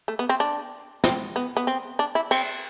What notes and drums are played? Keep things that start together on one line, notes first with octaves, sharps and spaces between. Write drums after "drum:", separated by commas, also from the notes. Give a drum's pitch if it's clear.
A3
B3
C4
D4
C4, drum: snare
B3
B3
C4
D4
E4
C4, drum: cymbal